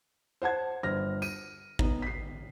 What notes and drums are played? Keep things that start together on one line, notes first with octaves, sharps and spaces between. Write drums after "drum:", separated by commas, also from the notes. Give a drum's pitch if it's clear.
C5 F#5 A5 G#6
G1 C5 F6 A#6
D#7, drum: tambourine
B3 D#4, drum: kick G#1
B6 C7